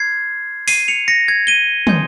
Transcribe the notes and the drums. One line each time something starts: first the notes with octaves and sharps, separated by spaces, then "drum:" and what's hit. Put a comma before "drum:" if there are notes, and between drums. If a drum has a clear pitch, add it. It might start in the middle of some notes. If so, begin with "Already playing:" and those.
Already playing: C6 F6 G#6 C7
C7 D#7, drum: open hi-hat
C#7 F7
A#6 C#7
G#6
D#7 G7
G#5 C6 D#6 G6, drum: tom